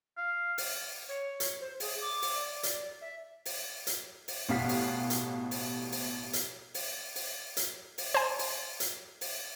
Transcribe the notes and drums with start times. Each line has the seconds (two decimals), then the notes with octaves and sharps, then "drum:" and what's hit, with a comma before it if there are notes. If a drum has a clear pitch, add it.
0.17 F5
0.58 drum: open hi-hat
1.08 C#5
1.40 drum: hi-hat
1.61 C5
1.80 G#4, drum: open hi-hat
2.01 D6
2.22 drum: open hi-hat
2.34 D5
2.63 drum: hi-hat
3.01 E5
3.46 drum: open hi-hat
3.87 drum: hi-hat
4.28 drum: open hi-hat
4.49 A1 B2 G4 F5 F#5 B6
4.69 drum: open hi-hat
5.10 drum: hi-hat
5.51 drum: open hi-hat
5.92 drum: open hi-hat
6.33 drum: hi-hat
6.74 drum: open hi-hat
7.16 drum: open hi-hat
7.57 drum: hi-hat
7.98 drum: open hi-hat
8.14 C5 G#5
8.39 drum: open hi-hat
8.80 drum: hi-hat
9.21 drum: open hi-hat